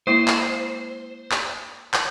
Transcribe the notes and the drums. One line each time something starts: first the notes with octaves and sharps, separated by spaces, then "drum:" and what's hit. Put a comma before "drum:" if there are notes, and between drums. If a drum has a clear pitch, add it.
G#3 A#3 E4 C5
drum: clap
drum: clap
drum: clap